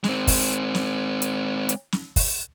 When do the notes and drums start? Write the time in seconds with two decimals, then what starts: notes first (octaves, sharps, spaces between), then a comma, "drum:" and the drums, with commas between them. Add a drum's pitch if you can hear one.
0.04 G#3 C4, drum: snare
0.27 drum: kick, open hi-hat
0.75 drum: snare
1.22 drum: hi-hat
1.69 drum: hi-hat
1.92 drum: snare
2.16 drum: kick, open hi-hat